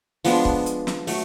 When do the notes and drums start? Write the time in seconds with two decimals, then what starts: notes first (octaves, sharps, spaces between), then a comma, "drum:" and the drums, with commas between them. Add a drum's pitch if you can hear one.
0.24 F3 G#3 B3 D4, drum: open hi-hat
0.45 drum: kick C#1
0.66 drum: hi-hat
0.87 drum: snare
1.07 F#3 A3, drum: open hi-hat